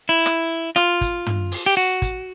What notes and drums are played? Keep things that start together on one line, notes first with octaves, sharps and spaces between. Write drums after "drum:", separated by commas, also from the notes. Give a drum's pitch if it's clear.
E4
drum: rim click
F4, drum: rim click
drum: kick, hi-hat
drum: tom
drum: open hi-hat
G4
F#4
drum: kick, hi-hat